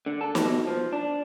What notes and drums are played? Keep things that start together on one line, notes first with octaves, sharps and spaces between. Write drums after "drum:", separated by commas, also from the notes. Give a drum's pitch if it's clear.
D3
A4
B2, drum: snare
F3
D4